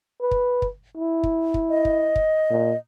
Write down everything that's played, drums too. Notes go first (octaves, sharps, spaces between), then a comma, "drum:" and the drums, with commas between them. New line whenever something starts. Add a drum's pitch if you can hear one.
B4
drum: kick
drum: kick
E4
drum: kick
drum: kick
D#5
drum: kick
drum: kick
A#2